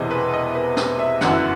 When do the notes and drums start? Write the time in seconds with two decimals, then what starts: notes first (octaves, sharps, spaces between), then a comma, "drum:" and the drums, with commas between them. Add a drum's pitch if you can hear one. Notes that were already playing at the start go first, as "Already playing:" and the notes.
Already playing: E1 E2 C3 E3 C5 D#5
0.11 B4
0.34 D#5
0.55 B4
0.77 B4, drum: snare
0.99 E5
1.21 G1 F#2 E3 F#5, drum: snare